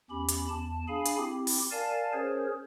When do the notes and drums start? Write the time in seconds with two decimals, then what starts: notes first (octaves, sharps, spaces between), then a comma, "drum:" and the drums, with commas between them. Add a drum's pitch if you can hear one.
0.10 E2 C#4 G4 B5
0.29 drum: hi-hat
0.49 E2 A5
0.88 D4 G#4 F5 G#5 B5
1.06 drum: hi-hat
1.17 C4 E4 G4
1.47 drum: open hi-hat
1.71 A#4 D5 F5 G#5 A5
2.13 C#4 G#4 A#4 C5 C#5